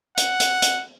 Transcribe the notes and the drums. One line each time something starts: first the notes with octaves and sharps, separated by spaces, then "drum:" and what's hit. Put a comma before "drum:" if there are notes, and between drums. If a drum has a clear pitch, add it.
F#5, drum: hi-hat
drum: hi-hat
drum: hi-hat